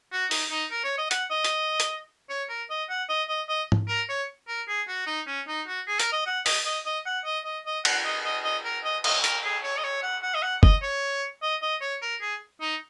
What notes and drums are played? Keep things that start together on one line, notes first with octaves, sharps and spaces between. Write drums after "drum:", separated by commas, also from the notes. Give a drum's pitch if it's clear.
F#4
D#4, drum: open hi-hat
D#4
A#4
C#5
D#5
F#5, drum: hi-hat
D#5
drum: hi-hat
drum: hi-hat
C#5
A#4
D#5
F#5
D#5
D#5
D#5
drum: tom G#2
A#4
C#5
A#4
G#4
F#4
D#4
C#4
D#4
F#4
G#4
A#4, drum: hi-hat
D#5
F#5
D#5, drum: open hi-hat
D#5
D#5
F#5
D#5
D#5
D#5
F#5, drum: cymbal
D#5
D#5
D#5
A#4
D#5
D#5, drum: cymbal
A#4, drum: hi-hat
G#4
C#5
D#5
C#5
F#5
F#5
D#5
F#5
D#5, drum: kick
C#5
D#5
D#5
C#5
A#4
G#4
D#4